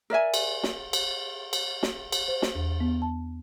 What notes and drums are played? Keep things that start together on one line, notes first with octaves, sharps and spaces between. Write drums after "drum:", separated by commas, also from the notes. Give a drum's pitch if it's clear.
A#4 D5 E5 G#5
drum: cymbal
drum: snare
drum: cymbal
drum: cymbal
drum: snare
drum: cymbal
C5
drum: snare
E2
B3
A5